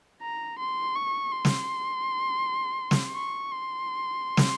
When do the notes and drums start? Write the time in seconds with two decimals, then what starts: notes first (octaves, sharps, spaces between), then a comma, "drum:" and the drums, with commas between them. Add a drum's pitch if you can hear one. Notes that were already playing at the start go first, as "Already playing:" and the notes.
0.23 A#5
0.59 C6
0.96 C#6
1.32 C6
1.45 drum: snare
2.91 drum: snare
3.15 C#6
3.52 C6
4.37 drum: snare